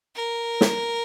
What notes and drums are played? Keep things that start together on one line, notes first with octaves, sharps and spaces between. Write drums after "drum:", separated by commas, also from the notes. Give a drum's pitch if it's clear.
A#4
drum: snare